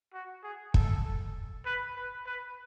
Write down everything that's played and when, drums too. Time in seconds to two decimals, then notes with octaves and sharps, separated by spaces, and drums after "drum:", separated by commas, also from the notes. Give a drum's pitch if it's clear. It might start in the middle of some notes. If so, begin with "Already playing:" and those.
0.13 F#4
0.43 G#4
0.74 A4, drum: kick
1.66 B4
1.96 B4
2.26 B4